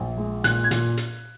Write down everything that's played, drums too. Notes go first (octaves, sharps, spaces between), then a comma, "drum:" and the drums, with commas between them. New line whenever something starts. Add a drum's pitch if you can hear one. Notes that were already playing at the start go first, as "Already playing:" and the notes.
Already playing: A#1
G#3
A#2 F#6, drum: hi-hat
G#6
A#2, drum: hi-hat
drum: hi-hat